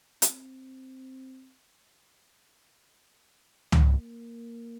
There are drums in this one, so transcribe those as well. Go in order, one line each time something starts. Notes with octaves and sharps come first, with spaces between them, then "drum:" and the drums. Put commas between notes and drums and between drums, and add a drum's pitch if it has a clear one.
C4, drum: hi-hat
drum: tom
A#3